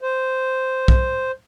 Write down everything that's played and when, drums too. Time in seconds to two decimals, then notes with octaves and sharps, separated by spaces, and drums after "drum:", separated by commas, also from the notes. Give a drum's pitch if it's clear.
0.02 C5
0.88 drum: kick